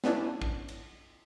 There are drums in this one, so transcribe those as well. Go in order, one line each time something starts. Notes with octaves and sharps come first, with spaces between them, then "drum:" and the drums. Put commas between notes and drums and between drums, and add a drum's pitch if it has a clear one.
B3 C#4 D4 E4, drum: snare
drum: kick
drum: cymbal